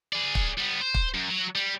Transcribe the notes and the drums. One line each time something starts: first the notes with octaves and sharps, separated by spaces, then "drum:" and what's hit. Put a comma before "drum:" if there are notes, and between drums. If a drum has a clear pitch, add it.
G#4 D5
drum: kick
G3 B3
C5
drum: kick
F#2
F#3
G3